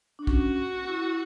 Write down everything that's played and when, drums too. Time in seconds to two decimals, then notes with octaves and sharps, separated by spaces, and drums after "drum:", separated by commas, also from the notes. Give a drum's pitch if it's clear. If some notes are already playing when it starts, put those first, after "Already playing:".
0.19 D4
0.27 C#4 F#4, drum: kick
0.88 E4